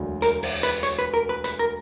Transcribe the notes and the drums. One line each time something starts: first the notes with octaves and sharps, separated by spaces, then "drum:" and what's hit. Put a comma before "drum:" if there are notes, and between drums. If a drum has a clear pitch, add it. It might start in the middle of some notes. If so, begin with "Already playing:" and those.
Already playing: E1 D2 D3 F#3
A#4, drum: hi-hat
drum: open hi-hat
B4, drum: hi-hat
C#5, drum: hi-hat
B4
A#4
B4
B4, drum: hi-hat
A#4